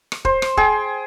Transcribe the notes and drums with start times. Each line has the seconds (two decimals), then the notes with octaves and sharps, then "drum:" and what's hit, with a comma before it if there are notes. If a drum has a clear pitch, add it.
0.12 drum: rim click
0.25 C5, drum: kick
0.42 drum: rim click
0.57 G#4 G5, drum: kick